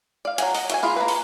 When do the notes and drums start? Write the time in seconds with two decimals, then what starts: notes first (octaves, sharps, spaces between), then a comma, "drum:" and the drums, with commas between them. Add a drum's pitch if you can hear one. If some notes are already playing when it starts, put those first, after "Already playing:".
0.25 D5 F5
0.38 F#3 F#5 G#5, drum: hi-hat
0.55 D#5, drum: open hi-hat
0.70 F#4 E5 G#5, drum: hi-hat
0.83 E4 F4 G#4
0.96 A#3 B4
1.08 drum: open hi-hat